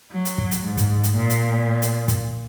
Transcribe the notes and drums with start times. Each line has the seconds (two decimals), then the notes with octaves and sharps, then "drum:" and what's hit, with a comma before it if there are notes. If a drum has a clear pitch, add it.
0.12 F#3
0.25 drum: hi-hat
0.38 drum: kick
0.51 drum: hi-hat
0.65 G#2
0.77 drum: kick, hi-hat
1.03 drum: hi-hat
1.16 A#2
1.30 drum: hi-hat
1.82 drum: hi-hat
2.08 drum: kick, hi-hat